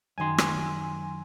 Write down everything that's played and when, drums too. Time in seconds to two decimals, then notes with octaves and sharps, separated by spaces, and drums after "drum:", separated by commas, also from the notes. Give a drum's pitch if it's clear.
0.18 F#2 D#3 F#3 G#5 C6
0.38 drum: rim click